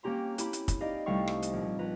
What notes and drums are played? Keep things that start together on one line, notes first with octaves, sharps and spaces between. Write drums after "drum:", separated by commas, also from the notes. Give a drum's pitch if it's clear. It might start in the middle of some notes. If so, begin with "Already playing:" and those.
A#3 C4 C#4 G4 A#5 C6
E4 G4 B5, drum: hi-hat
drum: hi-hat
drum: kick, hi-hat
D#4 G4 D5 D#5 F5
C2 A3 A4 F5 G5 C#6
drum: rim click
drum: hi-hat
A#1
A#1 B4 A#5